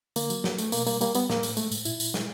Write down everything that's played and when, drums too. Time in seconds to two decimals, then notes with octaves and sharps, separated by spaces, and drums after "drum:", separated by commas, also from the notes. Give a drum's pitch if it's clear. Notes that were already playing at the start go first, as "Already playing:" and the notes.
0.16 D3 A#3, drum: tambourine
0.30 F#3, drum: tambourine
0.44 F#3, drum: snare
0.58 A3, drum: tambourine
0.72 B2 A#3, drum: tambourine
0.87 G3 A#3, drum: tambourine
1.01 G3 A#3, drum: tambourine
1.15 G3 B3, drum: tambourine
1.30 A2 A#3, drum: snare
1.43 A2, drum: tambourine
1.57 G#3 A3, drum: tambourine
1.72 A2, drum: tambourine
1.85 A#2 E4, drum: tambourine
2.00 A#2, drum: tambourine
2.14 G#3, drum: snare